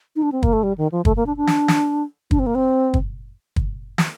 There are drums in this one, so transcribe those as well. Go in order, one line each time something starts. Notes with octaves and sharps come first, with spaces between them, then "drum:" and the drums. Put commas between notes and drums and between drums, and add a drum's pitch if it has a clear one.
D#4
D4
C4
A#3, drum: kick
A3
G3
D#3
F3
A3, drum: kick
A#3
D4
D4
drum: snare
drum: snare
D4, drum: kick
C4
A#3
C4
drum: kick
drum: kick
drum: snare